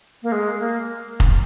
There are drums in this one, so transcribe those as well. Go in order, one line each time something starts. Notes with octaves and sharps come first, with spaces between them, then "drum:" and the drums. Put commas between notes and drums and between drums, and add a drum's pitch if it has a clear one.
A#3
G#3
A#3
drum: kick F1